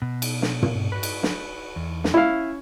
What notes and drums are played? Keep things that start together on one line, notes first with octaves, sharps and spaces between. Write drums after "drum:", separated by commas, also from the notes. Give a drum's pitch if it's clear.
B2
drum: cymbal
drum: snare
drum: tom
F#4 B4
drum: cymbal
drum: snare
E2
drum: snare
C#4 E4 F5